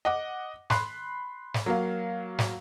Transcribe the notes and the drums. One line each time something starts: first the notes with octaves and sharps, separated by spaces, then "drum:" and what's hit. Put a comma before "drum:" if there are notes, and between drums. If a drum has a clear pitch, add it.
D#5 F#5 D6
B5 C6 F#6, drum: snare
drum: snare
F#3 A#3 F5
drum: snare